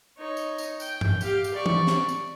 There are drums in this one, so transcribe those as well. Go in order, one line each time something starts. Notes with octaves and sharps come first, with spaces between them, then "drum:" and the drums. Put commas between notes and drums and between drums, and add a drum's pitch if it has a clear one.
D#4 C#5
drum: tambourine
drum: tambourine
G5, drum: tambourine
drum: tom G2
G4 F5, drum: tambourine
drum: tambourine
D5 C#6
drum: tom E3
drum: snare
drum: tambourine